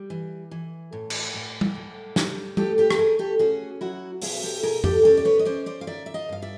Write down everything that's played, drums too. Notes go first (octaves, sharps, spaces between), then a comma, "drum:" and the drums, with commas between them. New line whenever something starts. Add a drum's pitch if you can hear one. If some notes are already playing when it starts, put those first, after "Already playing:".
Already playing: G3
E3
E3
A2
drum: cymbal
A2
drum: tom
A2
G3, drum: snare
A3 G4 A4, drum: tom
G4 A4
A4, drum: rim click
A3 G#4 A#4
G4 A4
C#4 F#4 G#4
F#3 E4 F#4
B2 F#4 G#4, drum: open hi-hat
G4 A4
B2 G#4 A#4
G4 A4, drum: tom F2
C#4 G4 A4
D5
B4 C#5
D#5
C#4 C5 D5
C5 D5
F5
D#3 D5 E5
E5
D#5 F5
G2 F5
D5 E5